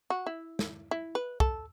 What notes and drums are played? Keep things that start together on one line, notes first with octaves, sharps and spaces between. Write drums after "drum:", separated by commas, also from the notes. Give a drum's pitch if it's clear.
F#4
E4
drum: snare
E4
B4
A4, drum: kick